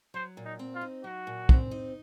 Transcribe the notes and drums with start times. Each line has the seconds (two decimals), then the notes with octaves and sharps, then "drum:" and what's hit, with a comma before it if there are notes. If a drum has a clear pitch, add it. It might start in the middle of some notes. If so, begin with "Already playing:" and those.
0.14 F#3 C5
0.37 A#2
0.45 D#4
0.59 C4
0.75 F4
0.81 D#4
1.04 F#3 F#4
1.27 A#2
1.49 C4, drum: kick
1.71 D#4